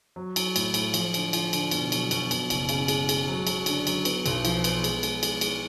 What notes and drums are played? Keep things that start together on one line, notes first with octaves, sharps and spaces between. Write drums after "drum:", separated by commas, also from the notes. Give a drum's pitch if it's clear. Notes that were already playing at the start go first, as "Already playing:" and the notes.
F#3
F#3, drum: cymbal
A2, drum: cymbal
A2, drum: cymbal
F3, drum: cymbal
D3, drum: cymbal
F3, drum: cymbal
D3, drum: cymbal
B2, drum: cymbal
F#3, drum: cymbal
B2, drum: cymbal
B2, drum: cymbal
F#1, drum: cymbal
C#3, drum: cymbal
G#3, drum: cymbal
G#3, drum: cymbal
F#3
F#3, drum: cymbal
D3, drum: cymbal
F#3, drum: cymbal
B3, drum: cymbal
B1, drum: cymbal
F3, drum: cymbal
B3, drum: cymbal
G#3, drum: cymbal
G#3, drum: cymbal
G#3, drum: cymbal
G#3, drum: cymbal